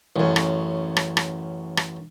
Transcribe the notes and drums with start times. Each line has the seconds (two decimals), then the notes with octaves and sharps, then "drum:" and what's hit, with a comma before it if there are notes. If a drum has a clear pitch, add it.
0.16 A1 F#2
0.36 drum: rim click
0.97 drum: rim click
1.17 drum: rim click
1.77 drum: rim click